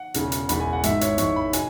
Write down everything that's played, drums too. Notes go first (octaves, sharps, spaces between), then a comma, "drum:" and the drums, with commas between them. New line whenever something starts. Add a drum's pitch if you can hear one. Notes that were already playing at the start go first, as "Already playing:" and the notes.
Already playing: F#5
E1 E2 C#3, drum: hi-hat
drum: hi-hat
E1 E2 C#3 B5, drum: hi-hat
G#5
F#5
G#1 G#2 E3 E5, drum: hi-hat
C#5, drum: hi-hat
G#1 G#2 E3 C#6, drum: hi-hat
B5
B2 G#5, drum: hi-hat